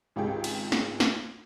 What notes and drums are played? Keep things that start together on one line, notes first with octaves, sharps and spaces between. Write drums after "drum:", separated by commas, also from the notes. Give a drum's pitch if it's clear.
G#1 C#2 G4 G#4 G5
drum: cymbal
drum: snare
drum: snare